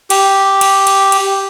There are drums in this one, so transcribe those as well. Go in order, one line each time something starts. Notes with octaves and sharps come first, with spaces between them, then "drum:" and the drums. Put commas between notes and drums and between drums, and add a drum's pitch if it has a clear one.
G4, drum: cymbal
drum: cymbal
drum: cymbal
drum: cymbal